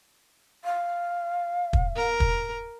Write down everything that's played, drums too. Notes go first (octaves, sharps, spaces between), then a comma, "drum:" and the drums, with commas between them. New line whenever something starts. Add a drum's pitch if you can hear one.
F5
drum: kick
A#4
drum: kick